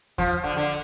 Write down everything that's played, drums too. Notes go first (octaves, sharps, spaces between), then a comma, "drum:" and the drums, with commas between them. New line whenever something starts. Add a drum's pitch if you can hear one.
F3, drum: kick E2
D3
D3